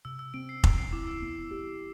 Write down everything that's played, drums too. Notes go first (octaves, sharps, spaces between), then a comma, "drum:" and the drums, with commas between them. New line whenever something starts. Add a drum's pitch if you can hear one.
C3 E6
E6
C4 D7
C7
E3, drum: kick F1
C7
E4 D6
E6
B3
G4